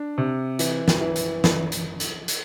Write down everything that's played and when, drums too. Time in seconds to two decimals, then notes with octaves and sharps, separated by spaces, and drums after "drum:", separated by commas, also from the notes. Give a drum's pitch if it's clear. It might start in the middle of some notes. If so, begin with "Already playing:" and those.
Already playing: D4
0.18 C3
0.59 E3, drum: hi-hat
0.88 drum: snare
1.01 E3
1.16 drum: hi-hat
1.44 drum: snare
1.72 drum: hi-hat
2.00 drum: hi-hat
2.28 drum: hi-hat